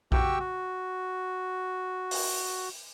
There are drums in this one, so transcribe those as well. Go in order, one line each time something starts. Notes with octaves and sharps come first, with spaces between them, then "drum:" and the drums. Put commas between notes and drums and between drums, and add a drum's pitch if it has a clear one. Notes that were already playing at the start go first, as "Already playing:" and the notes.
F#4 G4 G5 C#6 E6, drum: kick A#1
F#4
drum: open hi-hat